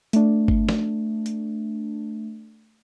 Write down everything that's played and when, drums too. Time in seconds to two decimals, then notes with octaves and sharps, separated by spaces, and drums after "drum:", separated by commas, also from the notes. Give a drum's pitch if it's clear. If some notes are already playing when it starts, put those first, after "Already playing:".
0.13 A3 D4, drum: hi-hat
0.48 drum: kick G#1
0.69 drum: snare
1.26 drum: hi-hat